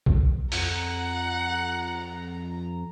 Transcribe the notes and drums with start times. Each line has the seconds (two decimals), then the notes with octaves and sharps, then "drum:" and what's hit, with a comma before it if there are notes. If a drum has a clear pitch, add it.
0.06 drum: kick B1
0.52 F2 F#5 A#5, drum: open hi-hat